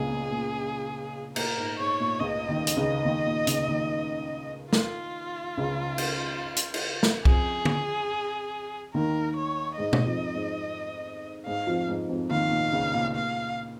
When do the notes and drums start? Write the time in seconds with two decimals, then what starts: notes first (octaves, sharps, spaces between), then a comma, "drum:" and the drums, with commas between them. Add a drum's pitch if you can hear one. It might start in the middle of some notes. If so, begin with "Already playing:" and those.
Already playing: C#2 A#2 C#3 G#4
0.11 A#2
0.31 A#2
1.36 A#2 A#4, drum: cymbal
1.58 G#2
1.79 G#2 C#5
2.00 A#2
2.20 C#2 C#3 D#5
2.48 D#2 D#3
2.67 drum: hi-hat
2.77 C#2 C#3
3.05 D#2 D#3
3.26 A#2
3.47 C#2 C#3, drum: hi-hat
3.67 D#2 D#3
4.73 F4, drum: snare
5.57 C#2 C#3
5.98 drum: cymbal
6.56 drum: hi-hat
6.74 drum: cymbal
7.03 drum: snare
7.25 F2 F3 G#4, drum: kick B1
7.65 drum: tom
8.94 D#2 D#3 A#4
9.36 C#5
9.78 G#2 G#3 D#5
9.93 drum: tom B2
10.06 F2 F3
10.34 G#2 G#3
11.46 G#2 G#3 F5
11.67 F2 F3
11.88 G#2 G#3
12.09 F2 F3
12.30 D#2 D#3 F5
12.51 A#2
12.72 C#2 C#3
12.94 A#2
13.15 A#2 F5